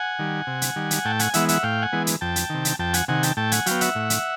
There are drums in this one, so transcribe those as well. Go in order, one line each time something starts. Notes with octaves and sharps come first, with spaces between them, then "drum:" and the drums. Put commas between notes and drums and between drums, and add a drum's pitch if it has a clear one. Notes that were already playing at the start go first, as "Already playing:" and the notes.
Already playing: F#5 G#5
D#3 G3
C3
drum: hi-hat
D#3 G3
drum: hi-hat
A2 G5 A5
F#5 G#5, drum: hi-hat
E3 G#3 B3 E5 F#5, drum: hi-hat
E5 F#5, drum: hi-hat
A2 F5 G5
F#5 G#5
E3 G#3 B3
drum: hi-hat
F2 G5 A5
drum: hi-hat
C3 D#3
drum: hi-hat
F2 G5 A5
F#5 G#5, drum: hi-hat
C3 D#3 F#5 G#5
G5 A5, drum: hi-hat
A2 G5 A5
F#5 G#5, drum: hi-hat
F#3 B3 F5 G5, drum: hi-hat
E5 F#5, drum: hi-hat
A2
drum: hi-hat